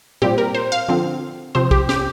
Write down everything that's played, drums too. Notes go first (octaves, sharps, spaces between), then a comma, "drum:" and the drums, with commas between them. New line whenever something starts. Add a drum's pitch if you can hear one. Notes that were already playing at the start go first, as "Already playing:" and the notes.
A#2 G3 C4 G4, drum: tom A2
A#4
C5
F5
D3 F3 C4
C3 F3 C4 C5
G4, drum: kick
G4, drum: snare